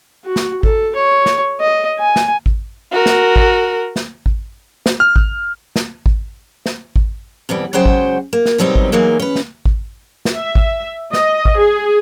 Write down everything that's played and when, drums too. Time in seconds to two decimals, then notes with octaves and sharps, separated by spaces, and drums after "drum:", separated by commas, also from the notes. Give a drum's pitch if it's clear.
0.25 F#4
0.36 drum: snare
0.63 A4, drum: kick G#1
0.96 C#5
1.26 drum: snare
1.61 D#5
2.00 G#5
2.16 drum: snare
2.46 drum: kick G#1
2.92 F#4 A#4
3.06 drum: snare
3.36 drum: kick G#1
3.96 drum: snare
4.26 drum: kick G#1
4.86 drum: snare
5.00 F6
5.16 drum: kick G#1
5.76 drum: snare
6.06 drum: kick G#1
6.66 drum: snare
6.96 drum: kick G#1
7.49 F2 B2 E3 G3
7.73 C#3 F#3 G#3 F#4 C5 G5
7.86 drum: kick G#1
8.33 A#3
8.46 drum: snare
8.58 B2 D#3 F#3 G3 C4 D#4
8.76 drum: kick G#1
8.92 E3 F#3 G#3 A#3 D#4
9.20 C#4 B4
9.35 drum: snare
9.65 drum: kick G#1
10.25 drum: snare
10.35 E5
10.55 drum: kick G#1
11.14 D#5, drum: snare
11.45 drum: kick G#1
11.59 G#4